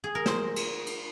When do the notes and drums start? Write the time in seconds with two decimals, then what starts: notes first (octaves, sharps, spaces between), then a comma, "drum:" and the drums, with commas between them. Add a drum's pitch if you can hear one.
0.04 G#4
0.15 A#4
0.26 C5, drum: snare
0.56 drum: cymbal
0.86 drum: cymbal